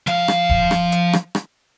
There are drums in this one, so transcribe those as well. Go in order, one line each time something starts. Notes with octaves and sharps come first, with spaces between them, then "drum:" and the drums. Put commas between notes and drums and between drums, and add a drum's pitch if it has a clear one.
F3 F5, drum: hi-hat
drum: rim click
drum: kick
drum: rim click
drum: hi-hat
drum: rim click
drum: rim click